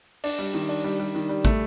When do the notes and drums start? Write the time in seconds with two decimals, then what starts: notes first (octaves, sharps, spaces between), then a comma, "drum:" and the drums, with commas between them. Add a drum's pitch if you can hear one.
0.24 D4, drum: open hi-hat
0.39 G3
0.54 D#3
0.69 D4
0.84 G3
0.99 G3
1.15 D#3
1.29 G3
1.45 A3, drum: kick, hi-hat